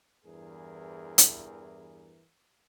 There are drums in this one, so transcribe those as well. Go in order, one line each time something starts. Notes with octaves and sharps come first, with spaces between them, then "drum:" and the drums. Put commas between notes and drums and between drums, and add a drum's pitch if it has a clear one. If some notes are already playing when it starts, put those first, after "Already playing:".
E2 G2 E3 G#4 A#4
drum: hi-hat